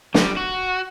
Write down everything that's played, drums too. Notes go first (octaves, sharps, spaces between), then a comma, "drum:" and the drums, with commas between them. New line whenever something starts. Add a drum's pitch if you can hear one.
G3, drum: snare
F#4